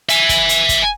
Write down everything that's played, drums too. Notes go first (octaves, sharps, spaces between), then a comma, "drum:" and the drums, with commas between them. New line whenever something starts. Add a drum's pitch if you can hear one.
E5 G#5, drum: hi-hat
drum: kick, hi-hat
drum: hi-hat
drum: kick, hi-hat